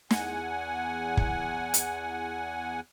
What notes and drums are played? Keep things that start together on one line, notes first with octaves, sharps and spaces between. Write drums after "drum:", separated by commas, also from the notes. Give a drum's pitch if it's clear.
E2 F#5 G#5, drum: snare
drum: kick
drum: hi-hat